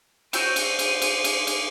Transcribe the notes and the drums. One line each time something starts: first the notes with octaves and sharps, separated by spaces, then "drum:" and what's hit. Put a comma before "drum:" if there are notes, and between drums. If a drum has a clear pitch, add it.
F#4 C5 G5 E6 D#7, drum: cymbal
drum: cymbal
drum: cymbal
drum: cymbal
drum: cymbal
drum: cymbal